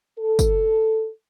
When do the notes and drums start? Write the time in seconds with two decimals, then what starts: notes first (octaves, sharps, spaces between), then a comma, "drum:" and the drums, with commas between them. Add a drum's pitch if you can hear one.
0.19 A4
0.39 drum: kick, tambourine